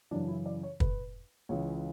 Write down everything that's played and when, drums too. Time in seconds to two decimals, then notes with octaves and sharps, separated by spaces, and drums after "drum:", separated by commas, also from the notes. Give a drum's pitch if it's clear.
0.11 F#2 C#3 E3 D4
0.28 E4
0.46 D5
0.63 C#5
0.80 B4, drum: kick
1.49 C#2 C#3 E3 C#5